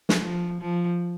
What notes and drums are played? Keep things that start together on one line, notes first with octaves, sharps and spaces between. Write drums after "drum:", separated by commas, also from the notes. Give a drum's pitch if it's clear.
drum: snare
F3
F3